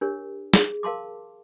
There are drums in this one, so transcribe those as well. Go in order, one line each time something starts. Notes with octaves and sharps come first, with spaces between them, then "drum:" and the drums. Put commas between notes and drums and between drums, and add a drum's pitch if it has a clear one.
D4 G4 A#4 C#5
G#4, drum: snare
A#4 F5 A5 C6 D6